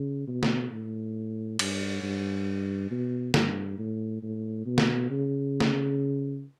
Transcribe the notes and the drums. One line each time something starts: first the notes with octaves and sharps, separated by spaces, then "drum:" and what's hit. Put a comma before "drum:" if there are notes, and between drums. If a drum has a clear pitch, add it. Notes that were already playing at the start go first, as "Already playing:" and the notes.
Already playing: C#3
B2
drum: snare
A2
G2, drum: cymbal
G2
B2
G2, drum: snare
A2
A2
B2
drum: snare
C#3
drum: snare